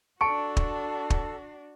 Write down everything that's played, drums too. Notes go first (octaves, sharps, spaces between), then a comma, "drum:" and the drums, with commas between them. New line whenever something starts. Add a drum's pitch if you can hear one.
D4 F#4 A4 A5 C#6 C#7 D7
drum: kick
drum: kick